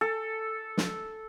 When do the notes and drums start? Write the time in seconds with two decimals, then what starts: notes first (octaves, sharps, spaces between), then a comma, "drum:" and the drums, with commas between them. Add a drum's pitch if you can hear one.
0.01 A4
0.77 drum: snare